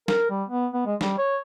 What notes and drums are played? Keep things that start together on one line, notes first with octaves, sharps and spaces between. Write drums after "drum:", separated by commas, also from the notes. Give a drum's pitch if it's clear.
A#4, drum: snare
G3
B3
B3
G#3
G3, drum: snare
C#5